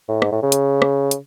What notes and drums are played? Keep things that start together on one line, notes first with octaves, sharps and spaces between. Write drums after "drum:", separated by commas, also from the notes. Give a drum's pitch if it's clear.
A2
G#2, drum: rim click
A2
C#3
drum: hi-hat
drum: rim click
drum: hi-hat